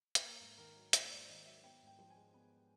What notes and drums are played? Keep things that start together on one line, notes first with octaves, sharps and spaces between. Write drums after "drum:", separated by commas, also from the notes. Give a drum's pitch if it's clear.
B4, drum: hi-hat
A#3 A#4
G#2
D#3 A#4
F#3
A#3 C5, drum: hi-hat
G#2 D5
D#3 D#5
F#3 E5
B3 G5
G#2
G5
F3
G#5
G#3
B3